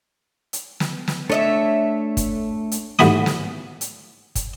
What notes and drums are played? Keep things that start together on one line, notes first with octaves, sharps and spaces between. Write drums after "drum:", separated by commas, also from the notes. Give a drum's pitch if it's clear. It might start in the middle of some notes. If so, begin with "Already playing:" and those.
drum: hi-hat
drum: snare
drum: snare
A3 D4 A4 C#5 D#5 E5
drum: kick, hi-hat
drum: hi-hat
D#2 A2 F#4 G#5 B5 D#6, drum: snare
drum: snare
drum: hi-hat
drum: kick, hi-hat